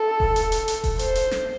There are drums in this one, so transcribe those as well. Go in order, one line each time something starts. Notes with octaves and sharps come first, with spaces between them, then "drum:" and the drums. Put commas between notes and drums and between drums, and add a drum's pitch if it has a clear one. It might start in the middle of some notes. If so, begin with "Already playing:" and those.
Already playing: A4
drum: kick E1
drum: hi-hat
drum: hi-hat
drum: hi-hat
drum: kick E1, open hi-hat
C5, drum: hi-hat
drum: hi-hat
drum: snare